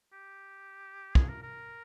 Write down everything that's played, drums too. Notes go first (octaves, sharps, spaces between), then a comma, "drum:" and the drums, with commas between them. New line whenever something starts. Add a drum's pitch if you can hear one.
G4
G#4, drum: kick
A#4
A#4